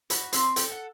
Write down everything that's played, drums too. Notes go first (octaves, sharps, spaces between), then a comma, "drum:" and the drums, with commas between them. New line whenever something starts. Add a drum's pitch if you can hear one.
F#4 B5, drum: hi-hat
C4 C6, drum: hi-hat
A4 G5, drum: hi-hat
F#5